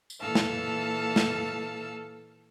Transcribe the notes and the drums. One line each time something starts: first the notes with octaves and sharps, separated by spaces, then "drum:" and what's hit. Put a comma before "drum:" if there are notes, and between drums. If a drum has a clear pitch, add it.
drum: tambourine
A#2 E3 A4 F5 A5 E6
drum: snare
drum: snare